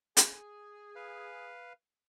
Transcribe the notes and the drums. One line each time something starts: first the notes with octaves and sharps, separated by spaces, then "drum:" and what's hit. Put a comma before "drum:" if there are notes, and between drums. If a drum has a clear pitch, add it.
G#4, drum: hi-hat
B4 F5